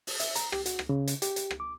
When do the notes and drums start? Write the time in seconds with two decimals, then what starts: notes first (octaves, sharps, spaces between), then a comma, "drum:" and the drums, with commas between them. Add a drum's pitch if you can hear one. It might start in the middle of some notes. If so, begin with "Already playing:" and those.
0.07 drum: open hi-hat
0.20 E5, drum: hi-hat
0.36 A#5, drum: hi-hat
0.52 G4, drum: rim click
0.66 F#4, drum: hi-hat
0.79 drum: rim click
0.89 C#3
1.07 drum: hi-hat
1.22 G4, drum: hi-hat
1.36 drum: hi-hat
1.51 drum: rim click
1.60 D6